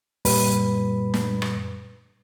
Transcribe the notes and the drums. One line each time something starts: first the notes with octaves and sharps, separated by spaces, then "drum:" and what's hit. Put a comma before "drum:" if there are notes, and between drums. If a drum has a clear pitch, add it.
F#2 A#2 G3 B4 B5, drum: open hi-hat
drum: snare
drum: rim click